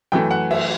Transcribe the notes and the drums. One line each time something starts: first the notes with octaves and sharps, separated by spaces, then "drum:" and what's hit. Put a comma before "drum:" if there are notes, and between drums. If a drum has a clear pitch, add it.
F#2 E3 A3 G5
F#5
E5, drum: cymbal